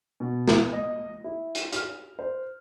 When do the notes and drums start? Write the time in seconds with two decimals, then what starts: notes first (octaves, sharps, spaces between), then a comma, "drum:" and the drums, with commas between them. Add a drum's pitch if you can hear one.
0.20 B2
0.48 B3, drum: snare
0.73 D#5
1.24 E4
1.55 drum: hi-hat
1.72 F6, drum: hi-hat
2.19 C5